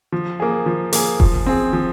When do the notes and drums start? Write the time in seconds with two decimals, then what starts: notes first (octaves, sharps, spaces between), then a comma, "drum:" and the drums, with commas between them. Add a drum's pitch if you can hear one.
0.12 F3
0.40 A#3 G#4
0.66 F3
0.93 A#3 G#4, drum: open hi-hat
1.20 F3, drum: kick F1
1.46 C4 G#4
1.73 F3